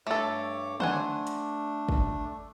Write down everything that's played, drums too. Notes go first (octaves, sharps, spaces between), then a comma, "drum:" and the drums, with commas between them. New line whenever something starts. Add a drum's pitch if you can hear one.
G2 A3 A4 C#5 D6
A3 D4 C5 F#5 G#5, drum: tom D3
drum: hi-hat
drum: kick